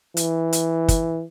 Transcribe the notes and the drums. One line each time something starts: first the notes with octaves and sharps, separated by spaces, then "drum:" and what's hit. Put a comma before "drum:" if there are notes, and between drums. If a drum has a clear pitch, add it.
E3, drum: hi-hat
drum: hi-hat
drum: kick, hi-hat